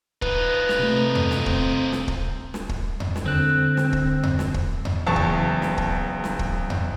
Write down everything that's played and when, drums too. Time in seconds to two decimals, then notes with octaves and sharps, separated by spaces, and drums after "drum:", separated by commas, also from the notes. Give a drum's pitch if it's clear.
0.22 F3 D#4 B4, drum: kick
0.69 drum: snare
0.79 C3 A3
1.15 drum: tom E2
1.31 drum: snare
1.46 C4, drum: kick
1.92 drum: snare
2.08 drum: kick
2.54 drum: snare
2.69 drum: kick
3.00 drum: tom E2
3.16 drum: snare
3.26 D3 C4 F#6
3.77 drum: snare
3.93 drum: kick
4.23 drum: tom E2
4.39 drum: snare
4.54 drum: kick
4.85 drum: tom E2
5.06 F#1 E2 A5 C#6
5.16 drum: kick
5.62 drum: snare
5.78 drum: kick
6.24 drum: snare
6.39 drum: kick
6.70 drum: tom E2